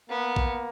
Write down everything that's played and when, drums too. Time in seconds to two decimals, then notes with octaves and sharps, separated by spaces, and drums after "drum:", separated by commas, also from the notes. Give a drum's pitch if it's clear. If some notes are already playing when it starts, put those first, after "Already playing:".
0.10 A#3 B3
0.36 drum: kick A#1